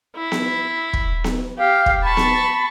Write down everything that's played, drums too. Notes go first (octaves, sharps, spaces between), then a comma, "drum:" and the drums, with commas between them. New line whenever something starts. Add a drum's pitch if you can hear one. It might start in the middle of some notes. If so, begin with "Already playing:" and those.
E4
drum: snare B3
drum: kick
drum: snare B3
G4 F5
drum: kick
A5 B5 C#6
drum: snare B3